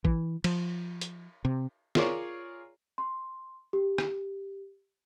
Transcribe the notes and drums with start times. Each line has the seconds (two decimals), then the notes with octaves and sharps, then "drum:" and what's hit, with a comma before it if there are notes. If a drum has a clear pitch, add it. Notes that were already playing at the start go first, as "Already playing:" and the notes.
0.05 E3, drum: kick A1
0.44 F3, drum: cymbal
1.01 drum: hi-hat
1.45 C3
1.95 F4 G#4 A#4 C#5 D5, drum: snare
2.98 C6
3.73 G4
3.98 drum: rim click